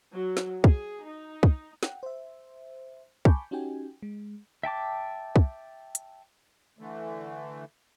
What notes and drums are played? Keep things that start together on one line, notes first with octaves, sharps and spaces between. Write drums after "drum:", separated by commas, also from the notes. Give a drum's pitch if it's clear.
F#3
drum: snare
G#4, drum: kick
D#4
drum: kick
F#5 G5, drum: snare
C5 E5
G#5 A5 B5 C#6 D6 G6, drum: kick
C#4 D#4 F#4 G4 G5 G#5
G#3
E5 G5 A5 D6
drum: kick
drum: hi-hat
D3 E3 A3